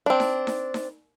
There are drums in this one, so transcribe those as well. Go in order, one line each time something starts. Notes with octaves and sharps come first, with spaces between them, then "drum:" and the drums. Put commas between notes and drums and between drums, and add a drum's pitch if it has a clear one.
C4 D4
drum: snare D#4
drum: snare D#4
drum: snare D#4